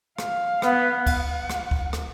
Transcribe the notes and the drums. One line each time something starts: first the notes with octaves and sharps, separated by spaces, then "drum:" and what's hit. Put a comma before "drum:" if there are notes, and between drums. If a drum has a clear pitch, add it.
F5, drum: rim click
B3, drum: rim click
F#5, drum: kick D2, cymbal
drum: rim click
drum: kick D2
drum: rim click